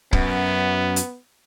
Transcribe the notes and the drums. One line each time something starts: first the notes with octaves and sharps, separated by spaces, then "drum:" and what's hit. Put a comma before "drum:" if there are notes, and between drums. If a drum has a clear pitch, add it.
F#2 B3, drum: kick
drum: hi-hat